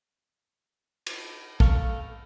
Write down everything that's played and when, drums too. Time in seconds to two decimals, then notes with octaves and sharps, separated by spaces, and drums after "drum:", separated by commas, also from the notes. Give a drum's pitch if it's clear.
1.07 drum: cymbal
1.60 A4 F5 C#6, drum: kick